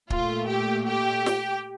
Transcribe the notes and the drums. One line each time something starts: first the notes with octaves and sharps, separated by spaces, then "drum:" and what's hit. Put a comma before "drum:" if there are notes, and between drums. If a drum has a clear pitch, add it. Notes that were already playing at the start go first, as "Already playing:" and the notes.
A#2 A3 F4, drum: kick
G4
G4
drum: snare